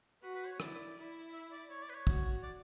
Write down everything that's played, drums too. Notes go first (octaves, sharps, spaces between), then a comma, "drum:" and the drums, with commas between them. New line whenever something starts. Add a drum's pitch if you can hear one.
F#4 B4
B4
C#5
E4 D5, drum: rim click
E4
E5
D5
C#5
D5
B4
C#5
F#4, drum: kick
D5